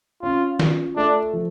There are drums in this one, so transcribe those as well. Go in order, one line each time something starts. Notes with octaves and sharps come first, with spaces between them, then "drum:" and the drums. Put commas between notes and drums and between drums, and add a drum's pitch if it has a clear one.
C#4 F4
F4, drum: snare
A3 D4
F3